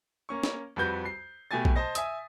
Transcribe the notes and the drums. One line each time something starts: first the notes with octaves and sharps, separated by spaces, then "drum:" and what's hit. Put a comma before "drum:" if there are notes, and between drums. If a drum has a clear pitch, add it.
A#3 C#4 C#6
drum: snare
F2 G3 F#4 B4 G6
C7
B2 A3 G4 G#5 A6
drum: kick
C5 D#5 A5 A#6
E5 G#5 D#6, drum: hi-hat